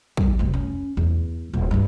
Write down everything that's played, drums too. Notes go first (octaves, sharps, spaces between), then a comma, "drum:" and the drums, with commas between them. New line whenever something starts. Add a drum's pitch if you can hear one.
G3, drum: kick
F1 D2
C#4
E2
D#1
D2 G2